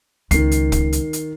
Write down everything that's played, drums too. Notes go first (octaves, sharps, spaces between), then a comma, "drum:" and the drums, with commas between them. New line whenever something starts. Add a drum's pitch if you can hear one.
C#2 D#3 C7, drum: hi-hat
drum: hi-hat
drum: kick, hi-hat
drum: hi-hat
drum: hi-hat